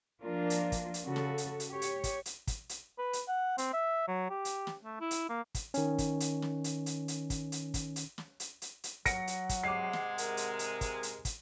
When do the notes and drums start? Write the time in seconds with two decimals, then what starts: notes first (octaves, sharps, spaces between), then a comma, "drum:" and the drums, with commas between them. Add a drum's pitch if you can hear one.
0.21 F3 A#3 D4 F4 A#4
0.50 drum: hi-hat
0.72 drum: kick, hi-hat
0.94 drum: hi-hat
1.06 C#3 F#4 A4
1.16 drum: snare
1.38 drum: hi-hat
1.60 drum: hi-hat
1.69 G4 C#5
1.82 drum: hi-hat
2.04 drum: kick, hi-hat
2.26 drum: hi-hat
2.47 drum: kick, hi-hat
2.69 drum: hi-hat
2.98 B4
3.13 drum: hi-hat
3.28 F#5
3.58 C4, drum: hi-hat
3.73 E5
4.08 F#3
4.30 G4
4.45 drum: hi-hat
4.67 drum: snare
4.85 A3
5.01 E4
5.11 drum: hi-hat
5.29 A#3
5.55 drum: kick, hi-hat
5.74 D#3 C#4, drum: hi-hat
5.98 drum: kick, hi-hat
6.20 drum: hi-hat
6.42 drum: snare
6.64 drum: hi-hat
6.86 drum: hi-hat
7.08 drum: hi-hat
7.30 drum: kick, hi-hat
7.52 drum: hi-hat
7.74 drum: kick, hi-hat
7.96 drum: hi-hat
8.18 drum: snare
8.40 drum: hi-hat
8.62 drum: hi-hat
8.84 drum: hi-hat
9.06 F#3 F#5 A#6 C#7 D7, drum: kick, hi-hat
9.27 drum: hi-hat
9.49 drum: kick, hi-hat
9.64 G#2 C3 G#3 D6 C7
9.93 drum: snare
10.18 A#4, drum: hi-hat
10.37 drum: hi-hat
10.59 drum: hi-hat
10.81 drum: kick, hi-hat
11.03 drum: hi-hat
11.25 drum: kick, hi-hat